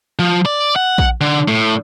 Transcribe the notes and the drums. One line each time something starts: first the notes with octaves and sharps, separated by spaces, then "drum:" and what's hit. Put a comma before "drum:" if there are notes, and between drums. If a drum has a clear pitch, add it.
F3
D5
F#5
drum: kick A#1
D3
A2